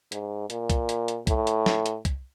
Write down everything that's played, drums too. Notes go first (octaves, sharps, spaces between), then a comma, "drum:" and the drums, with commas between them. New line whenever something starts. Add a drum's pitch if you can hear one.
G#2, drum: hi-hat
A#2, drum: hi-hat
drum: kick, hi-hat
drum: hi-hat
drum: hi-hat
A2, drum: kick, hi-hat
drum: hi-hat
drum: snare
drum: hi-hat
drum: kick, hi-hat